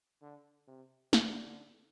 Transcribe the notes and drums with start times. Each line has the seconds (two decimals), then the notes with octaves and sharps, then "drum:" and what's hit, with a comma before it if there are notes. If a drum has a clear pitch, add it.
0.22 D3
0.67 C3
1.13 D3, drum: snare